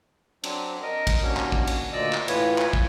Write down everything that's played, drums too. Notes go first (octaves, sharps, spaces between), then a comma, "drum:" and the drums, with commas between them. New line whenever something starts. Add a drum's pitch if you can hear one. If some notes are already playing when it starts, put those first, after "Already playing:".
F#3 C4 D4, drum: cymbal
A#4 D#5
drum: kick, cymbal
D#2 A#3 C#4 D4 F#4
drum: clap
drum: kick
drum: cymbal
D2 A#2 D5 D#5 E6
drum: clap
A2 E3 F4 B4 C#5, drum: cymbal
drum: clap
drum: kick